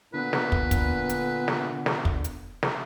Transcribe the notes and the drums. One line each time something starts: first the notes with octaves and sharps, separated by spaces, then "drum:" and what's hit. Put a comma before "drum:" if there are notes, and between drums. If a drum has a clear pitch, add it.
A#2 D3 B3 B4
drum: snare
drum: kick
drum: kick, hi-hat
drum: hi-hat
drum: snare
drum: snare
drum: kick
drum: hi-hat
drum: snare